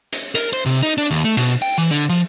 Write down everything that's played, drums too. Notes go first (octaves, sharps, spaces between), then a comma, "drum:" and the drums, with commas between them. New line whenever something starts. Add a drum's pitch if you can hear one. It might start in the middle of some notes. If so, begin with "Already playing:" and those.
drum: hi-hat
A#4, drum: hi-hat
C5
C3
D#4
D4
D#2
A3
B2, drum: hi-hat
G5
E3
D3
F3